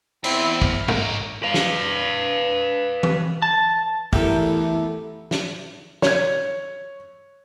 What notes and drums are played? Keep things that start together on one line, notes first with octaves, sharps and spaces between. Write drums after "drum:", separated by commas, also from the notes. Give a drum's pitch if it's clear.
E2 C4 E4, drum: cymbal
F6, drum: kick
D#4 C#5, drum: tom
B4 F5
drum: snare
drum: tom E3
A5
E2 A3 B3 E4 G4 A4 A#4, drum: kick
drum: snare
C#5 G#6, drum: snare